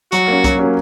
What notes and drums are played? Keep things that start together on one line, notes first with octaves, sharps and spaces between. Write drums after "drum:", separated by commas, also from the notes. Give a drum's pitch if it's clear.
F#3 F#4, drum: hi-hat
A#3 C#4
F#3, drum: kick, hi-hat
A#3 C#4